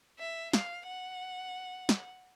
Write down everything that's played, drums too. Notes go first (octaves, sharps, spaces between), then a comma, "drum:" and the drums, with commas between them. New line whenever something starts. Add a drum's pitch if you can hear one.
E5
F5, drum: snare
F#5
drum: snare